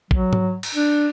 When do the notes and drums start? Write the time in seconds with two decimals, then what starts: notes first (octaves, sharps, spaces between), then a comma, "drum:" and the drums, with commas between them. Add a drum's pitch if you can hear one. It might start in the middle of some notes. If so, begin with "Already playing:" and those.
0.11 F#3, drum: kick
0.33 drum: tom G#2
0.63 drum: cymbal
0.75 D4